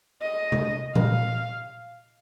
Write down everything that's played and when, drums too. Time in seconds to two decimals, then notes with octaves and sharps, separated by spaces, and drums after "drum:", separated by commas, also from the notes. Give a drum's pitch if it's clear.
0.22 D#5
0.52 drum: tom C3
0.95 F5, drum: tom A#2